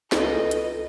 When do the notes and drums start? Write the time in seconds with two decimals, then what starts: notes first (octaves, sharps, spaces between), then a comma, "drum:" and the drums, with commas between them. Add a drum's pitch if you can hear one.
0.12 C#2 F4 A4 B4 D#5, drum: snare
0.51 drum: hi-hat